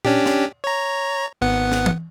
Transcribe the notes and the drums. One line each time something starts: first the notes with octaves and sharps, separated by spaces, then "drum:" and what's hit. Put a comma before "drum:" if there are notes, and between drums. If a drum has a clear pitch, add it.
C#4 D4 G4, drum: tom A#2
drum: snare
C#5 A#5
G#1 B3 F#5
drum: snare
drum: tom E3